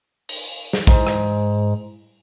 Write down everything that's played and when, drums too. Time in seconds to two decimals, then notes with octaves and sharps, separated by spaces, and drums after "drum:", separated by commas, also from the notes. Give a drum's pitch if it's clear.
0.29 drum: open hi-hat
0.73 drum: snare
0.87 G#2, drum: kick A#1
1.07 drum: rim click